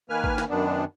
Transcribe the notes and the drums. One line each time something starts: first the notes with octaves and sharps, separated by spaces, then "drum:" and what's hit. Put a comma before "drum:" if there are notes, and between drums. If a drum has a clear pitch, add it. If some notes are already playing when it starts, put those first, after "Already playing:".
D#3 A#3 B4 G#5 F6
drum: kick
drum: snare
F#2 D#3 B3 D4